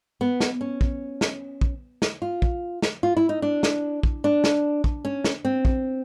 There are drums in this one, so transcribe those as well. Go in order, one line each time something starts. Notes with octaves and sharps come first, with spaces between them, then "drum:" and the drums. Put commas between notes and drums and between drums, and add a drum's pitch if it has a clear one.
B3
drum: snare
C#4
drum: kick
drum: snare
drum: kick
drum: snare
F4
drum: kick
drum: snare
F4
E4
D#4
D4
drum: snare
drum: kick
D4
drum: snare
drum: kick
C#4
drum: snare
C4
drum: kick